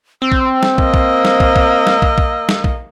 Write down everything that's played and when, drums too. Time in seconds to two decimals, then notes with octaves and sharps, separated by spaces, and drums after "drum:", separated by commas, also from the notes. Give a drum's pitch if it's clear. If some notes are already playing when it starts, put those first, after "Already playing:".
0.22 C4 E6
0.32 drum: kick
0.63 drum: snare
0.78 A#3 D#5, drum: kick
0.94 drum: kick
1.25 drum: snare
1.40 drum: kick
1.56 drum: kick
1.87 drum: snare
2.02 drum: kick
2.18 drum: kick
2.49 drum: snare
2.64 drum: kick